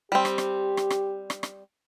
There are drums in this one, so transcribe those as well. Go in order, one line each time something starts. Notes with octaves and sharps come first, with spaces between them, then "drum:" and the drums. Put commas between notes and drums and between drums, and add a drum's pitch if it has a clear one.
G3 C4 G4
drum: rim click
drum: rim click
drum: rim click
drum: rim click
drum: rim click
drum: rim click